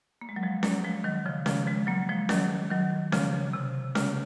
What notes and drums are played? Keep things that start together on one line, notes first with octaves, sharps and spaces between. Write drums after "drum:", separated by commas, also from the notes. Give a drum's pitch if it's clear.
A#3
G#3
F#3
F3 G#3
F#3 A#3, drum: snare C#4
F3 G#3
D#3 F#3
C#3 F3
C#3 F3, drum: snare C#4
F3 G#3
F#3 A#3
F3 G#3
D#3 F#3, drum: snare C#4
D#3 F#3
C#3 F3, drum: snare C#4
C3
C#3, drum: snare C#4